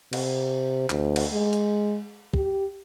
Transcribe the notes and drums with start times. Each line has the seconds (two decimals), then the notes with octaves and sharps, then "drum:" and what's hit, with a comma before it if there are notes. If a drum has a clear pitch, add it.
0.13 C3, drum: cymbal
0.90 D2, drum: clap
1.16 drum: cymbal
1.33 G#3
1.53 drum: hi-hat
2.34 G4, drum: kick